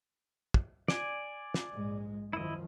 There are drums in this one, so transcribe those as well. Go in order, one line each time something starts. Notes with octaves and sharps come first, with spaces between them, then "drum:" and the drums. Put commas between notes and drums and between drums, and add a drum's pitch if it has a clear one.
drum: kick
D5 G#5, drum: snare
drum: snare
A#1 G#2 G#3
F#2 D#3 F3 E4 D#5